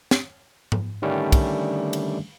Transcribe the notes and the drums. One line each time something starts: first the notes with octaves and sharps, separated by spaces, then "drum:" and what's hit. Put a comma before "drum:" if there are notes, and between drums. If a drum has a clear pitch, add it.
drum: snare
drum: tom G#2
D3 D#3 G3 A3 C#4 D4
drum: kick, cymbal
drum: cymbal